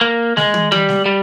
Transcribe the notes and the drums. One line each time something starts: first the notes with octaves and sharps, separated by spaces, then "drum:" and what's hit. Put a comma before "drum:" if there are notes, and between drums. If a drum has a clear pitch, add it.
A#3
G#3, drum: snare G#3
drum: tom
G3, drum: tom
drum: snare G#3
G3